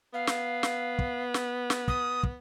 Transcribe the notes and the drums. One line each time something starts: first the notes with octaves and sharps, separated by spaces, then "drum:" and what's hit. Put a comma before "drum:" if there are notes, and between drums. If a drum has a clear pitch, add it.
B3 F5
drum: snare
drum: snare
drum: kick
drum: snare
drum: snare
D#6, drum: kick
drum: kick